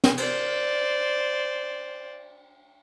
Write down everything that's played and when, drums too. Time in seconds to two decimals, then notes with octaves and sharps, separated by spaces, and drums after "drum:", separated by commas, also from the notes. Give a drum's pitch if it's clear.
0.04 drum: snare
0.17 C5 D5, drum: cymbal